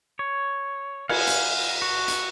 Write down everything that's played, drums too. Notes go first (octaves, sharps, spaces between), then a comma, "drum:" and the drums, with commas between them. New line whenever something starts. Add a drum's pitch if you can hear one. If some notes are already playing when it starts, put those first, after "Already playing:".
C#5
F5 F#5 G#5, drum: cymbal
drum: hi-hat
F#4
drum: hi-hat